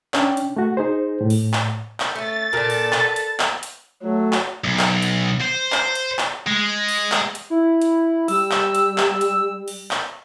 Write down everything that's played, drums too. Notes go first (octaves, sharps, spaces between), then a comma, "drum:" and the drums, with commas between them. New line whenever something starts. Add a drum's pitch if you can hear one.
C#4 D4 G5, drum: clap
drum: hi-hat
A3 F#4
D#4 G#4 C5
A2
drum: open hi-hat
drum: clap
drum: clap
A3 C#4 A6
A#2 D4 A4 A#4
drum: open hi-hat
B4, drum: clap
drum: hi-hat
drum: clap
drum: hi-hat
F#3 A3
drum: clap
B1
drum: clap
drum: hi-hat
C5
drum: clap
drum: hi-hat
drum: clap
G#3
drum: open hi-hat
drum: clap
drum: hi-hat
E4
drum: hi-hat
G3 E6, drum: open hi-hat
drum: clap
drum: hi-hat
drum: clap
drum: hi-hat
drum: open hi-hat
drum: clap